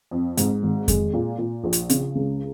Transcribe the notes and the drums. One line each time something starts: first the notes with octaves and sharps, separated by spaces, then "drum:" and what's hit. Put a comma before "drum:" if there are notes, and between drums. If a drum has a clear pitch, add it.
F2
G#2, drum: hi-hat
G#1
G#3, drum: kick F2, hi-hat
A#2
A#2
A#1
drum: hi-hat
C#3, drum: hi-hat
C#2